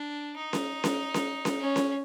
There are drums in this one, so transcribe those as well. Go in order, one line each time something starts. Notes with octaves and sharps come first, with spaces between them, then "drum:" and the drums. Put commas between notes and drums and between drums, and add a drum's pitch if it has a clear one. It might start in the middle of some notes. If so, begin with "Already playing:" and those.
Already playing: D4
D#4
drum: snare C#4
drum: snare C#4
drum: snare C#4
drum: snare C#4
C#4
drum: snare C#4